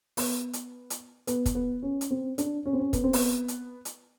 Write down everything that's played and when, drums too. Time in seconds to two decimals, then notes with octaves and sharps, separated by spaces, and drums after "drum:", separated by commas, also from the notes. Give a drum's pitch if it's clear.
0.17 B3, drum: open hi-hat
0.53 drum: hi-hat
0.90 drum: hi-hat
1.27 B3, drum: hi-hat
1.46 drum: kick, hi-hat
1.55 B3
1.83 C#4
2.01 drum: hi-hat
2.11 C4
2.38 D4, drum: hi-hat
2.66 C#4
2.73 C4
2.80 C#4
2.93 B3, drum: kick, hi-hat
3.04 C4
3.13 B3, drum: open hi-hat
3.48 drum: hi-hat
3.85 drum: hi-hat